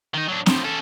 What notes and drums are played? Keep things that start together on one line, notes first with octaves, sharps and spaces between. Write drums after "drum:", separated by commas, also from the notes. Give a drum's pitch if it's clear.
D#3 D#4
F#3 D4
A2 F3, drum: snare C4
C#4 A4